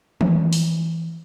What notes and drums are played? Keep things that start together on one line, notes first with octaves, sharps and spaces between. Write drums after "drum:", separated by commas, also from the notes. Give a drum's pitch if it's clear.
E3, drum: tom D#3
drum: open hi-hat